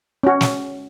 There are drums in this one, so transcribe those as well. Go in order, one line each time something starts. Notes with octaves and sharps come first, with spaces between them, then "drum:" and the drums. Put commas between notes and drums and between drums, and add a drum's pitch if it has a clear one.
C#4 F#4
drum: snare